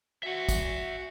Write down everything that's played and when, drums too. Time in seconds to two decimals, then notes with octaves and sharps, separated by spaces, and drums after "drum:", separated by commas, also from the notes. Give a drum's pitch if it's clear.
0.23 F#4 E5 F#5
0.49 drum: kick, tambourine